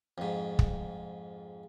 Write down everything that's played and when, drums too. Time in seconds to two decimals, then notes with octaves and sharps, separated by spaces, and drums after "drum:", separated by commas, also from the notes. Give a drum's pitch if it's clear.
0.18 F2 G#2
0.59 drum: kick